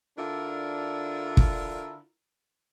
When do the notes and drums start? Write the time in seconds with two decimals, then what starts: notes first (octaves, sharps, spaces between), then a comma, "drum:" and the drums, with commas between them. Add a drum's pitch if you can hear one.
0.17 D3 D4 E4 F4 A#4
1.37 drum: kick